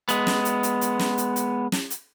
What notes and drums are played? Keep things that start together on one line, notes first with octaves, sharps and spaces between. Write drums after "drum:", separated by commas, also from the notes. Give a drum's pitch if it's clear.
G#3 B3, drum: hi-hat
drum: snare
drum: hi-hat
drum: hi-hat
drum: hi-hat
drum: snare
drum: hi-hat
drum: hi-hat
drum: snare
drum: hi-hat